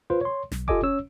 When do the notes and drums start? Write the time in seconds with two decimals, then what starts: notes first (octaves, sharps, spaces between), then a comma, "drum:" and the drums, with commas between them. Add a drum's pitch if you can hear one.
0.10 F4 B4 C5
0.21 C#5 C6
0.52 B1, drum: snare
0.68 F4 G4 A4 D#5 G#5 D6, drum: kick F1
0.83 C#4 C#5 E6